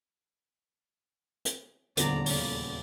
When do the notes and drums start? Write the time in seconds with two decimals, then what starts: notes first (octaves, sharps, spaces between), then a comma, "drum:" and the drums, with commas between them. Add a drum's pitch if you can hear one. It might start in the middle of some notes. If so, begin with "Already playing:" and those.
1.45 drum: hi-hat
1.97 D#1 E2 D3 F3 D5 A#5, drum: hi-hat
2.26 C#3 A#3 C#5 D5, drum: open hi-hat